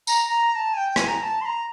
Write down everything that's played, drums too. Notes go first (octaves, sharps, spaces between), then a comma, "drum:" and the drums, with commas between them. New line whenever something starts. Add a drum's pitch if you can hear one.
A#5, drum: tambourine
A#5
A#5
A5
G#5
G5
G#5, drum: rim click
A#5
A#5
A5
C6
A#5